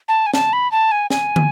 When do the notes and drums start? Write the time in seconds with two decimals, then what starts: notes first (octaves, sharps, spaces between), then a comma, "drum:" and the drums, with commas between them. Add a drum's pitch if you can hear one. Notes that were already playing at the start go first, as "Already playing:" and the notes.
0.08 A5
0.26 G#5
0.34 A5, drum: snare
0.53 B5
0.71 A5
0.91 G#5
1.10 G#5, drum: snare
1.36 drum: tom